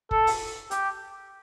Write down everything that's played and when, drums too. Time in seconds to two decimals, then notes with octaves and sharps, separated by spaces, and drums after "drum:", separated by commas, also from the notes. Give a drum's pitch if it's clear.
0.11 A4, drum: kick
0.27 drum: open hi-hat
0.71 G4, drum: hi-hat